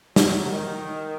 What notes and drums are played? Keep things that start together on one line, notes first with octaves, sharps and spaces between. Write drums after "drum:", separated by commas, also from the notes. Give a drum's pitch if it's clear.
F#3, drum: snare
D#3